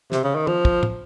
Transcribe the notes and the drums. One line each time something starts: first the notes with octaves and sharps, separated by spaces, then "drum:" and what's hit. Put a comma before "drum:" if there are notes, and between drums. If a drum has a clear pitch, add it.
C3, drum: snare
C#3
D#3
F3, drum: tom
drum: kick
drum: tom